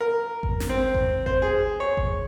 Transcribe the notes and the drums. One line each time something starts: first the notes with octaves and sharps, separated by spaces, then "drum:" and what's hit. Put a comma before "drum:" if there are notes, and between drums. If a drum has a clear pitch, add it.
A#4
drum: kick G#1
drum: snare
C4
drum: kick G#1
C5, drum: kick G#1
G#4
C#5
drum: kick G#1